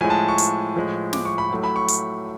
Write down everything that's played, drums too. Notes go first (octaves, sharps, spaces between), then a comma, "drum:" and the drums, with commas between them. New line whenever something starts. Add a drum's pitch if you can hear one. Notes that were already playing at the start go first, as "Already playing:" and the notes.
A2 F3 G#3 G#5
A5
C#6
drum: hi-hat
A2 F3 G#3
D6, drum: snare
C#6
B5
A2 F#3 A3
B5
C#6
drum: hi-hat